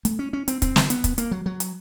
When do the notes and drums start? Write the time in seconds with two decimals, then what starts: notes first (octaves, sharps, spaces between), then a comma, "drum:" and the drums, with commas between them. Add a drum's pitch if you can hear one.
0.05 A3, drum: hi-hat
0.19 C#4
0.33 C#4
0.48 C4, drum: hi-hat
0.62 C4, drum: kick, hi-hat
0.76 drum: snare
0.90 B3, drum: hi-hat
1.04 drum: kick, hi-hat
1.18 A#3, drum: hi-hat
1.31 F#3
1.46 F#3
1.60 drum: hi-hat